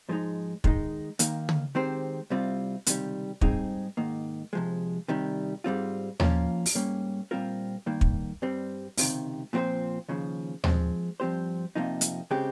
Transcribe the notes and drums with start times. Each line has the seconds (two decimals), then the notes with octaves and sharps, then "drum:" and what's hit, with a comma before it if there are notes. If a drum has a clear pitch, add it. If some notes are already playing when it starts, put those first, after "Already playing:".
0.09 G#2 F3 G#3 D#4
0.64 D#3 G#3 D#4, drum: kick
1.19 D#2 D#3 A#3, drum: hi-hat
1.49 drum: tom
1.75 D#3 G#3 C4 G4 C5
2.30 C2 C3 G3 C4 F4
2.86 C#2 C3 D#3 G3, drum: hi-hat
3.41 G#2 G3 C4 D#4 G#4, drum: kick
3.97 G#2 D#3 A#3
4.53 C3 F3 G#3
5.08 C3 D#3 G3
5.64 G#2 G3 C4 F4
6.20 F3 A#3 C#4 F4 A#4, drum: tom D#2
6.66 drum: open hi-hat
6.75 G#2 G3 A#3 C#4
7.31 A#2 G3 C4 F4 A#4
7.86 G2 D#3 A#3
8.01 drum: kick
8.42 G2 G3 C4
8.97 C#2 C3 D#3, drum: open hi-hat
9.53 A#2 F3 C4 F4 C5
10.09 D#2 C#3 F3
10.64 F3 G#3 C4, drum: tom D#2
11.20 G2 F3 C4 G4 C5
11.75 F2 C3 F3 A#3 D#4
12.01 drum: hi-hat
12.31 C#3 G#3 C4 G4